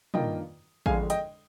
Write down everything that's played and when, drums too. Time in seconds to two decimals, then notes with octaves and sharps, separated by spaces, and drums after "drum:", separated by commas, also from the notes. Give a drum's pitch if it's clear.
0.14 G2 D#3 A#3 F4 D#5 G5, drum: tom
0.86 G1 F2 D3 G#3 F5 G#5, drum: kick A1
1.10 D#5 G5, drum: hi-hat